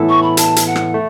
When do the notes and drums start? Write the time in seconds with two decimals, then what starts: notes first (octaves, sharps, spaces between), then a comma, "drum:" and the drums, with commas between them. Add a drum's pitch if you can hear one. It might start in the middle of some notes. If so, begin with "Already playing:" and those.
Already playing: A2 E3 B3 E4 A4
0.09 C#6
0.22 B5
0.37 A5, drum: hi-hat
0.56 drum: hi-hat
0.66 F#5
0.76 drum: rim click
0.94 A3